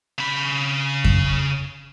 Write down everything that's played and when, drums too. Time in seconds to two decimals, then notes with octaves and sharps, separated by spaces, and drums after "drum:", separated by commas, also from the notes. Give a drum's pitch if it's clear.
0.18 C#3 B5
1.04 drum: kick F2